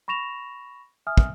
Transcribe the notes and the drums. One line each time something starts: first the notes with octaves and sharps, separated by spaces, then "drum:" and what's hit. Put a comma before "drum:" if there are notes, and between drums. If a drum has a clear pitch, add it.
B5 C#6 A#6 E7 F7
E5 G#5 D#6 F6
drum: kick